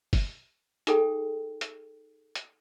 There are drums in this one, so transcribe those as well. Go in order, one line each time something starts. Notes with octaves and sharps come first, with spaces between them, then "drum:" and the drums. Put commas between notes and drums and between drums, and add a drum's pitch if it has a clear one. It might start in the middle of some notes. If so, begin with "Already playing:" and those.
drum: kick F#1, open hi-hat
D#4 G#4 A4 G5, drum: hi-hat
drum: hi-hat
drum: hi-hat